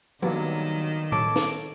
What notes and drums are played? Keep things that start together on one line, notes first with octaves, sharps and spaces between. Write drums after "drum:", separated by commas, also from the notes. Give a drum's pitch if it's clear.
B1 G2 A#2 D#3 F#3 G3, drum: tom F3
A4 C#5 A5 D6, drum: tom A2
drum: snare